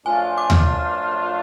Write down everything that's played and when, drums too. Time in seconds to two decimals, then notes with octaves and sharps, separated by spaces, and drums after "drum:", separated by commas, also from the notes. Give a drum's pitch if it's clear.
0.06 F#2 F3 A3 D4 F4 G#5
0.38 D6
0.50 F6, drum: tom D#2